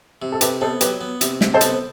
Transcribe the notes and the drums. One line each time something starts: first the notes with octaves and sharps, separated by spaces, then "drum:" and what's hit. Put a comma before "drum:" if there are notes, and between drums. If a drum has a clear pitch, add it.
C3
A4
C3 G4 B4, drum: hi-hat
B3 A4 C5
F#3 G4 B4, drum: hi-hat
B3
C3, drum: hi-hat
C3, drum: snare
A4 C5
B3, drum: hi-hat